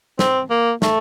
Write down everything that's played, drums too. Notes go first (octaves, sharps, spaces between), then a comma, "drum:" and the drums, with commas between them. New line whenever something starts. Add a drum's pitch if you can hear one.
C4, drum: snare
A#3
A3, drum: snare